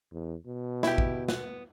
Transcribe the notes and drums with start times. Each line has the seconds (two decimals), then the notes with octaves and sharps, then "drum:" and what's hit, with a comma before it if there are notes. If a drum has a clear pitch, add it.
0.12 E2
0.47 B2
0.83 E4 G4, drum: snare
0.98 drum: kick A1
1.29 B3, drum: snare